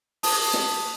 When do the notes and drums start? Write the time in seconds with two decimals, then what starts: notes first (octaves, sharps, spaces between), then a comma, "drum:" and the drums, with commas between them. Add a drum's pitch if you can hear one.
0.23 A5 D#6, drum: open hi-hat
0.53 drum: snare